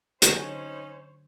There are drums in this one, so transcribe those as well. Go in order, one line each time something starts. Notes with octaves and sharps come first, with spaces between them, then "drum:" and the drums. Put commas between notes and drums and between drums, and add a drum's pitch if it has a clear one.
D3 F#3 C#4 D#4 C5 C#5, drum: hi-hat